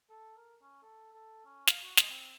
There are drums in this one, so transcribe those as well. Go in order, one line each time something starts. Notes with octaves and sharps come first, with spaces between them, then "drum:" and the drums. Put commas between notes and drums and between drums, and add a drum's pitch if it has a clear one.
A4
A#4
C#4
A4
A4
C#4
F5, drum: snare
F#4
G#3, drum: snare
C4